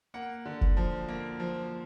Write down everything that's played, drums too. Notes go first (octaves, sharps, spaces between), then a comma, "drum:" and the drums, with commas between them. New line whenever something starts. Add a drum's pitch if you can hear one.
A#3 F#5
D3
drum: kick
F3
A#3
F3